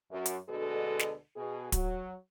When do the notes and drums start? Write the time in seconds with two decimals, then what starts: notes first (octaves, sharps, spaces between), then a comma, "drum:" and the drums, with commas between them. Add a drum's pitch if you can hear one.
0.11 F#2
0.26 drum: hi-hat
0.49 D2 B2 D3 G#3 F#4 A4
0.99 drum: snare
1.36 B2 G#4
1.72 F#3, drum: kick, hi-hat